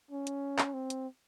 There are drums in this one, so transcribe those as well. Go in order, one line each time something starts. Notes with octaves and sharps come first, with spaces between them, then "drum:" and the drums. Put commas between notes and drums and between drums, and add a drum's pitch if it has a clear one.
C#4
drum: hi-hat
drum: clap
C4
drum: hi-hat